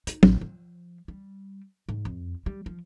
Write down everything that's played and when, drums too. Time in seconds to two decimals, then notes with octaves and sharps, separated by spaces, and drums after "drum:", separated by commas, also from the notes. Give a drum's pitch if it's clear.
0.07 D#4, drum: hi-hat
0.23 A1, drum: tom
0.41 F3
1.08 G3
1.89 G#2
2.05 F2
2.46 G3
2.66 F3